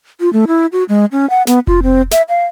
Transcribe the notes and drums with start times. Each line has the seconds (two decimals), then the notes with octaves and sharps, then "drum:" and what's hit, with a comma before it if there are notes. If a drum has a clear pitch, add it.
0.20 F4
0.33 A3
0.47 E4
0.72 F#4
0.89 G#3
1.12 C#4
1.30 F#5
1.47 B3, drum: snare
1.67 F4, drum: kick F1
1.83 C4
2.11 E5, drum: snare
2.29 F5